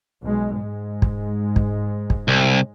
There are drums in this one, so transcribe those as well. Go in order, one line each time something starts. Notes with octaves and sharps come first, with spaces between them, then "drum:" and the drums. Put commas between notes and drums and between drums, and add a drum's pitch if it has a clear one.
B1 G#3
G#2 G#3
drum: kick
drum: kick
drum: kick
C2